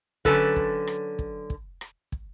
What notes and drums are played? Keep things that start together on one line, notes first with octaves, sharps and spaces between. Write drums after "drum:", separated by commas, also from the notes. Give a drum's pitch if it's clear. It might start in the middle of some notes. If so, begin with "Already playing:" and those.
D3 F#3 C#4 A4 B4, drum: kick
drum: kick
drum: rim click
drum: kick
drum: kick
drum: rim click
drum: kick